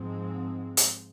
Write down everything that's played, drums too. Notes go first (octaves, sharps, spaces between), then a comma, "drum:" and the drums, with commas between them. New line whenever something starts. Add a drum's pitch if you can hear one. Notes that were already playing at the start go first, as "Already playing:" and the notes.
Already playing: G#2 F3 G#3 C4
drum: hi-hat